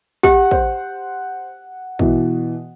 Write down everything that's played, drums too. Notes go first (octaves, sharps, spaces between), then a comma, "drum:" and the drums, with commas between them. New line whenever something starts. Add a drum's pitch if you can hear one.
G4 F#5, drum: kick
C5, drum: kick
B2 E3, drum: kick